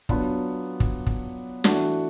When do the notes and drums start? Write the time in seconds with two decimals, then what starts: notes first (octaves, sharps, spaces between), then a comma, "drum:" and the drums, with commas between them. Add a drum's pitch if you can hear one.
0.09 F#3 B3 D4 F4, drum: kick
0.80 drum: kick
1.06 drum: kick
1.64 E3 A3 D4 F#4, drum: snare